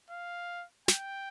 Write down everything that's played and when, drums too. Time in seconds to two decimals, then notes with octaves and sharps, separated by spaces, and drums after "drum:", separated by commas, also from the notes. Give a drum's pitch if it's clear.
0.10 F5
0.88 G5, drum: snare